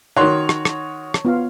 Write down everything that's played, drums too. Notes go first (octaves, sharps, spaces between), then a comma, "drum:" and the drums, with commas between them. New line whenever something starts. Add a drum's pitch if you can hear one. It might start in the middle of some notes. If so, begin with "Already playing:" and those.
D#3 F#4 C#5 C6 F#6
drum: rim click
drum: rim click
drum: rim click
B3 F4 F5